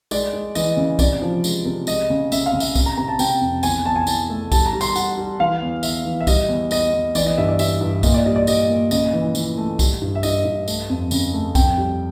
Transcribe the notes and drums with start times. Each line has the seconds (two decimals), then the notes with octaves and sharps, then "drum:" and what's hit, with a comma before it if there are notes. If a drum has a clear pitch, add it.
0.11 G#3 D5, drum: tambourine
0.33 G#3
0.55 E3 D#5, drum: tambourine
0.77 C#3
0.99 C3 D5, drum: kick C2, tambourine
1.22 F3
1.44 G#3, drum: tambourine
1.65 C3
1.87 G#3 D#5, drum: tambourine
2.10 C#3
2.32 C#3 E5, drum: tambourine
2.46 F5
2.53 C#3
2.60 E5, drum: tambourine
2.75 C3, drum: kick C2, tambourine
2.86 A#5
2.97 C3 A#5
3.08 A5
3.19 C3 G5, drum: tambourine
3.41 F2
3.63 E2 G#5, drum: tambourine
3.85 E2 A5
3.96 G#5
4.07 E2 A5, drum: tambourine
4.30 A3
4.52 G3 A5, drum: kick C2, tambourine
4.66 A#5
4.73 G3
4.81 C6, drum: tambourine
4.95 G3 F#5, drum: tambourine
5.18 G3
5.40 E3 F5
5.62 E2
5.83 E2 E5, drum: tambourine
6.05 E3
6.20 E5
6.27 G3 D#5, drum: kick C2, tambourine
6.49 E2
6.71 E2 D#5, drum: tambourine
6.93 E2
7.15 E3 D5, drum: tambourine
7.26 D#5
7.38 G2 E5
7.48 D5
7.59 G3 E5, drum: tambourine
7.81 G2
8.03 A#2 D#5, drum: kick C2, tambourine
8.14 D5
8.26 G3 D#5
8.36 D5
8.47 G3 D#5, drum: tambourine
8.69 A#2
8.91 C#3 D#5, drum: tambourine
9.13 E3
9.35 E3, drum: tambourine
9.57 A3
9.79 G3, drum: kick C2, tambourine
10.01 G2
10.15 E5
10.23 G2 D#5, drum: tambourine
10.45 G2
10.68 A3, drum: tambourine
10.90 F2
11.11 C#3, drum: tambourine
11.34 A3
11.55 F2 G5, drum: kick C2, tambourine
11.78 G3